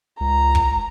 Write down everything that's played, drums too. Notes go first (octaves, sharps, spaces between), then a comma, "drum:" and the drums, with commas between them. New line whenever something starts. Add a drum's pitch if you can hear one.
C#2 A#5
drum: kick